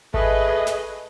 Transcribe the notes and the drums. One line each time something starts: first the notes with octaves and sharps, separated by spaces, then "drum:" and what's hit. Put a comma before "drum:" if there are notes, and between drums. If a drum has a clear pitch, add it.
A3 G#4 B4 D#5, drum: kick G#1
drum: snare